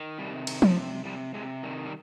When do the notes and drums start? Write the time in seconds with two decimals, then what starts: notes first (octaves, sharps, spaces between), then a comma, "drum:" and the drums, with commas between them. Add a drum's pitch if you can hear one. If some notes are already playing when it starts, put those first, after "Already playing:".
Already playing: D#3
0.18 C3 G3
0.47 D#3, drum: cymbal
0.62 F3, drum: tom F3
0.76 C3
1.05 C3 G3
1.34 C3 G#3
1.63 D#3 G3
1.85 G3